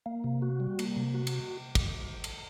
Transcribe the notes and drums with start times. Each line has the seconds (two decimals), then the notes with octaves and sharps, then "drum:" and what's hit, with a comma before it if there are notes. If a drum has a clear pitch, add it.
0.06 A#3
0.24 C3
0.42 F#4
0.60 G3
0.79 A#3, drum: cymbal
0.97 C3
1.14 F#4
1.27 drum: cymbal
1.75 drum: kick, cymbal
2.24 drum: cymbal